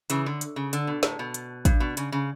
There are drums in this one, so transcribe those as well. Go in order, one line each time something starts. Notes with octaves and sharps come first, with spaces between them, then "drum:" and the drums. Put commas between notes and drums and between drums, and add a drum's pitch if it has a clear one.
C#3 E3, drum: hi-hat
D3
drum: hi-hat
C#3
D3, drum: hi-hat
B2
A2, drum: snare
B2
drum: hi-hat
G2, drum: kick, hi-hat
B2
C#3, drum: hi-hat
C#3